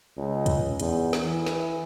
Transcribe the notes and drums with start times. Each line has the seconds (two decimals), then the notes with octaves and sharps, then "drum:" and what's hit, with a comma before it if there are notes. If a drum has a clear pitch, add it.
0.17 C#2
0.46 drum: kick, hi-hat
0.80 E2, drum: hi-hat
1.13 drum: snare
1.25 E3
1.46 drum: snare